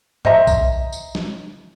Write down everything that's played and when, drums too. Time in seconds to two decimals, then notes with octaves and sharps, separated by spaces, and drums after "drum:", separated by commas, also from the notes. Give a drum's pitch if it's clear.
0.25 C5 D#5 E5 A#5, drum: tom G2
0.47 drum: kick B1, tambourine
0.92 drum: tambourine
1.15 drum: snare